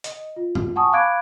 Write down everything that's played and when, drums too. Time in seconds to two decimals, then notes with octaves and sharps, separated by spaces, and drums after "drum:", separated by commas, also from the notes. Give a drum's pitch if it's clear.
0.04 D#5, drum: hi-hat
0.36 F4
0.55 drum: tom G2
0.76 F#5 G#5 A5 C#6 D#6
0.92 F5 B5 D6 F#6 G#6 D7